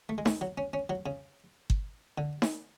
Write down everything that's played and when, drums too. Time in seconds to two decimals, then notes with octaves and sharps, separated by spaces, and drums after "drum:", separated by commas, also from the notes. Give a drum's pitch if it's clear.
0.09 A3
0.18 G#3
0.26 A3, drum: snare D#4
0.41 F#3
0.58 C#4
0.73 C#4
0.90 F#3
1.06 C#3
1.70 drum: kick G1
2.18 D3
2.42 drum: snare D#4